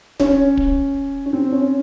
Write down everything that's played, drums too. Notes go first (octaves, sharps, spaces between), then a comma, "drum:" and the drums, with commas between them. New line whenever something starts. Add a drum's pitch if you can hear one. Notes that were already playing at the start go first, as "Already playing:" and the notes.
C#4, drum: snare D1
drum: kick
C#4
C4
C#4